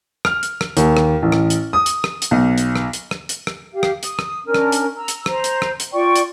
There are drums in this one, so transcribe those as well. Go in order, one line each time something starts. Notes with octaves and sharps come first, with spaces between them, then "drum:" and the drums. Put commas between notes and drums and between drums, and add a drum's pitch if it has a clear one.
F6, drum: rim click
drum: hi-hat
drum: rim click
D#2, drum: hi-hat
drum: rim click
A1
drum: rim click
drum: hi-hat
D#6
drum: hi-hat
drum: rim click
drum: hi-hat
B1
drum: hi-hat
drum: rim click
drum: hi-hat
drum: rim click
drum: hi-hat
drum: rim click
G4 F5
drum: rim click
D#6, drum: hi-hat
drum: rim click
C#4 D4 A#4
drum: rim click
drum: hi-hat
A#5 E6
drum: hi-hat
C5 A#5, drum: rim click
drum: hi-hat
drum: rim click
drum: hi-hat
F4 D5 G5 C#6
drum: hi-hat